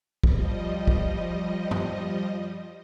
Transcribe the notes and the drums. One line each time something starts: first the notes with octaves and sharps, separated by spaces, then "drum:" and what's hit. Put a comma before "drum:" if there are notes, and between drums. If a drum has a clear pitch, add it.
F3 G3 D#5, drum: kick
drum: kick
drum: tom F#2